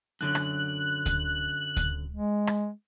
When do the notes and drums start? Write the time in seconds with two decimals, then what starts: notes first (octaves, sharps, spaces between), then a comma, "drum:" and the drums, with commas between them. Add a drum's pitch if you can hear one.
0.21 F#2 D3 F#3 F#6
0.35 drum: rim click
1.06 drum: kick D2, hi-hat
1.77 drum: kick D2, hi-hat
2.12 G#3
2.47 drum: rim click